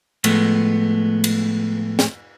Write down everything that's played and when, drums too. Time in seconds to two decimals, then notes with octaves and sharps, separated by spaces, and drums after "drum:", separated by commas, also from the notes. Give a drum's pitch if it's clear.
0.24 A2 F3 G#3 A3 B3, drum: cymbal
1.24 drum: cymbal
1.99 drum: snare